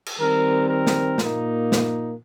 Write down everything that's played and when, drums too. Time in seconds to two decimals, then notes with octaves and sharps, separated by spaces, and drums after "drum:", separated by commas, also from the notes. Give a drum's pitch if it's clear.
0.06 drum: cymbal
0.19 D#3 G3 C4 A#4
0.68 A#4
0.87 drum: snare
1.18 A#2 A#3 D#4, drum: snare
1.72 drum: snare